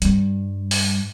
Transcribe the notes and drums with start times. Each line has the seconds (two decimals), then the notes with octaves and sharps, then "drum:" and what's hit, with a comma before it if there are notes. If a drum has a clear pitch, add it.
0.02 G2 G3, drum: hi-hat
0.71 drum: open hi-hat